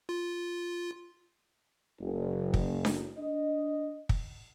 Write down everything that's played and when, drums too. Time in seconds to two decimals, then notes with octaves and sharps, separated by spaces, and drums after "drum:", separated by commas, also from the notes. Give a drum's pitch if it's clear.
0.09 F4
2.01 F#1
2.54 drum: kick
2.85 drum: snare D4
3.17 D4 D#5
4.09 drum: kick